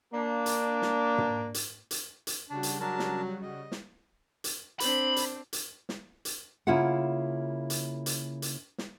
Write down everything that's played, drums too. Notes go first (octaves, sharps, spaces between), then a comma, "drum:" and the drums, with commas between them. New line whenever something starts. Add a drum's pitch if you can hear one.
A#3 D4
drum: hi-hat
drum: snare
drum: tom
drum: hi-hat
drum: hi-hat
drum: hi-hat
C#3 G3 D4 F#4
drum: hi-hat
F#3 D4 A#4 A5
drum: snare
D#5
drum: snare
drum: hi-hat
C4 D4 B5, drum: hi-hat
drum: hi-hat
drum: hi-hat
drum: snare
drum: hi-hat
C#3 A#3 E4 F4 E5 F#5
drum: hi-hat
drum: hi-hat
drum: hi-hat
drum: snare